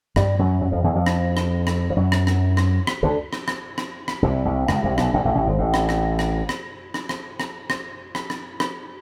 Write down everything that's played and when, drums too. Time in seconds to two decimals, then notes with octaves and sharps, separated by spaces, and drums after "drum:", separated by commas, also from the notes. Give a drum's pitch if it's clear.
0.16 G2 G3, drum: rim click
0.39 F#2 F#3
0.61 F#2 F#3
0.72 F2 F3
0.84 E2 E3
0.95 F2 F3
1.06 drum: rim click
1.37 drum: rim click
1.67 drum: rim click
1.90 F3
1.97 F#2 F#3
2.12 drum: rim click
2.27 drum: rim click
2.57 drum: rim click
2.87 drum: rim click
3.03 D2 D3
3.33 drum: rim click
3.48 drum: rim click
3.78 drum: rim click
4.08 drum: rim click
4.22 C2 C3
4.45 C2 C3
4.68 C#2 C#3, drum: rim click
4.83 C2 C3
4.98 B1 B2, drum: rim click
5.13 A#1 A#2
5.25 A1 A2
5.35 A1 A2
5.47 G#1 G#2
5.58 A1 A2
5.74 drum: rim click
5.89 drum: rim click
6.19 drum: rim click
6.49 drum: rim click
6.94 drum: rim click
7.09 drum: rim click
7.40 drum: rim click
7.70 drum: rim click
8.15 drum: rim click
8.30 drum: rim click
8.60 drum: rim click